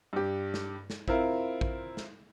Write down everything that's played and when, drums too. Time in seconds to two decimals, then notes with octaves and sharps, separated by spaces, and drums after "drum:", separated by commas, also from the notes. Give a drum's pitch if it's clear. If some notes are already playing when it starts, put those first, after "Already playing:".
0.13 G2 G4
0.54 drum: snare
0.90 drum: snare
1.08 C4 E4 F4 A#4, drum: kick
1.61 drum: kick
1.97 drum: snare